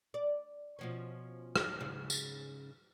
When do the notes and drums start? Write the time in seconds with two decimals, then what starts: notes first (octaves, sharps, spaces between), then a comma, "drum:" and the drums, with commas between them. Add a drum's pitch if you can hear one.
0.14 D5
0.79 B2 F3 C#4
1.56 drum: rim click
1.80 G#2 C#3
2.10 drum: tambourine